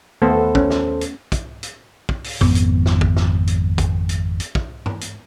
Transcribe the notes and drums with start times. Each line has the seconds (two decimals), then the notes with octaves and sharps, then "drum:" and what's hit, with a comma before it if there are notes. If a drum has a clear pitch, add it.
0.22 D#2 A3 B3 A4 C5
0.55 C#4, drum: kick
0.70 drum: snare
1.01 drum: hi-hat
1.32 drum: kick, hi-hat
1.63 drum: hi-hat
2.09 drum: kick
2.24 drum: open hi-hat
2.41 G#1 F2 B3, drum: tom
2.55 drum: hi-hat
2.86 drum: snare
3.01 drum: kick
3.17 drum: snare
3.47 drum: hi-hat
3.78 drum: kick, hi-hat
4.09 drum: hi-hat
4.40 drum: hi-hat
4.55 drum: kick
4.86 drum: tom G2
5.01 drum: hi-hat